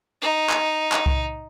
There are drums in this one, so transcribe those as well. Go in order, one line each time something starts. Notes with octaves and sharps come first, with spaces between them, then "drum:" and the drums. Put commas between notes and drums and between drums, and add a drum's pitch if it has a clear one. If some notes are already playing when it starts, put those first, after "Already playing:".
D#4
drum: clap
drum: clap
drum: kick C2